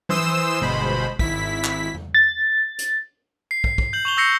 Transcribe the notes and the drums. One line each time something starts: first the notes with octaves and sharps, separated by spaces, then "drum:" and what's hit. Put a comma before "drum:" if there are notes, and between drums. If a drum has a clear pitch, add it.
E3 C5 C6 D#6 E6 E7, drum: tom F#3
G1 B2 G#3 C5 B5
G#1 E4 B6, drum: kick
drum: clap
drum: tom E2
A6
drum: hi-hat
C7
drum: kick
drum: kick
G6 F#7
C#6 F7 G7
C#6 E6 G6 A#6 C7 C#7